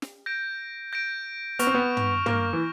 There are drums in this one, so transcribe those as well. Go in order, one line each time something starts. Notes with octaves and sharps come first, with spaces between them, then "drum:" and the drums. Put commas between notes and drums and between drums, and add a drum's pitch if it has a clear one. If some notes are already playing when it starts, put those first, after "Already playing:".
drum: snare
G6 A#6 D7
G6 A#6 D7
B3 C#6 F6 A#6 D7 F7, drum: hi-hat
C4
B3
drum: tom
A#3 C#6 F6 A#6 D7 F7, drum: tom
E3